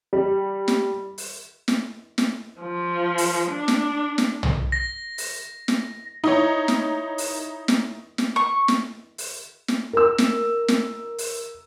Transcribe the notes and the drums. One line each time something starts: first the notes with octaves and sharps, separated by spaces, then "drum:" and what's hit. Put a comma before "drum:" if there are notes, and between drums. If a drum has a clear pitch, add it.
G3
drum: snare
drum: open hi-hat
drum: snare
drum: snare
F3
drum: open hi-hat
D4
drum: snare
drum: snare
drum: tom
A#6
drum: open hi-hat
drum: snare
D#4 E4 C#5
drum: snare
drum: open hi-hat
drum: snare
drum: snare
C#6
drum: snare
drum: open hi-hat
drum: snare
A#4 E6
drum: snare
drum: snare
drum: open hi-hat